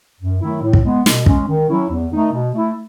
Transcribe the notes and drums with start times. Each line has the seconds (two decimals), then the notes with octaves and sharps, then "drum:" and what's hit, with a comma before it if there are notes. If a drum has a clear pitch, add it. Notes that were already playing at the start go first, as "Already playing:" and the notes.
0.21 F#2
0.42 D#3 F#3 A3 E4
0.62 A2
0.73 drum: kick
0.84 G#3 B3
1.06 B2, drum: snare
1.26 G#3 C#4, drum: kick
1.48 D#3
1.69 F#3 C#4 E4
1.91 E2
2.11 D#3 A3 D#4
2.33 B2
2.54 A3 E4